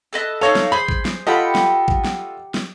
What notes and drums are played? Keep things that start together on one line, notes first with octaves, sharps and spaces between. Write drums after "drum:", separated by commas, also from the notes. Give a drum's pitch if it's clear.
A4 B4 D#5
D#4 A4 C#5 D#5 F5
drum: snare
G#4 C5 B5
drum: kick A1
drum: snare
F4 G4 A4 D#5 F#5 B5
drum: snare
drum: kick A1
drum: snare
drum: snare